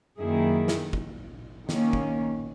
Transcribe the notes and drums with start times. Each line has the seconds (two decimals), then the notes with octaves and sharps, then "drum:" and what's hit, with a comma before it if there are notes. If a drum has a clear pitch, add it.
0.18 F#2 D#3 A#3 E4 G#4
0.68 drum: snare
0.93 drum: kick
1.69 D#3 A#3 C#4, drum: snare
1.93 drum: kick